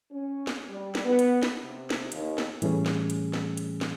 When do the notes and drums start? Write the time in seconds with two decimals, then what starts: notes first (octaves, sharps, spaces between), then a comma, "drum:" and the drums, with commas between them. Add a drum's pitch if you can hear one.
0.12 C#4
0.47 drum: snare
0.69 G3
0.95 drum: snare
1.05 B3
1.19 drum: hi-hat
1.43 drum: snare
1.64 C3
1.90 drum: snare
2.12 D#2, drum: hi-hat
2.38 drum: snare
2.62 A2 E3 G3 A3 C#4 G#4, drum: hi-hat
2.86 drum: snare
3.10 drum: hi-hat
3.34 drum: snare
3.57 drum: hi-hat
3.81 drum: snare